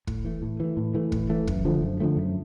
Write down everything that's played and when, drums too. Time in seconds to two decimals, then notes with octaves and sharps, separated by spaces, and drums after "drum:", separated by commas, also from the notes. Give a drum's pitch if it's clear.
0.07 A2, drum: kick
0.25 E3 A3
0.42 A2
0.60 E3 A3
0.77 A2
0.94 E3 A3
1.12 A2, drum: kick
1.30 E3 A3
1.47 F#2, drum: kick
1.65 D3 F3 A3
1.82 F#2
2.00 D3 F3 A3
2.17 F#2